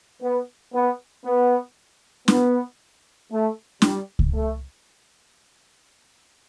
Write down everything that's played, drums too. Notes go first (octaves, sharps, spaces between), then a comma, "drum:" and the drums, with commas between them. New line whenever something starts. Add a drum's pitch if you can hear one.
B3
B3
B3
B3, drum: snare
A3
G3, drum: snare
drum: kick C#2
A3